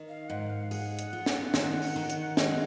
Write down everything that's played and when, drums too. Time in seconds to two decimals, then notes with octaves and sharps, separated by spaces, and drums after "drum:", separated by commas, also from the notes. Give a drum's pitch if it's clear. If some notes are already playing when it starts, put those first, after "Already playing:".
Already playing: D#3
0.08 F5
0.29 G#2 F#5
0.50 F5
0.71 G#4 F#5, drum: open hi-hat
0.99 drum: hi-hat
1.13 F4
1.26 drum: snare
1.54 D#3, drum: snare
1.82 drum: open hi-hat
1.96 D#3
2.10 drum: hi-hat
2.37 G#3, drum: snare